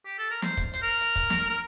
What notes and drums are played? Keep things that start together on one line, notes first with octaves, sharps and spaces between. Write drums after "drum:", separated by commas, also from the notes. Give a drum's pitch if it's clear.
G4
A4
A#4
C5, drum: snare
drum: kick, hi-hat
C5, drum: hi-hat
A#4
drum: hi-hat
drum: kick, hi-hat
drum: snare
A#4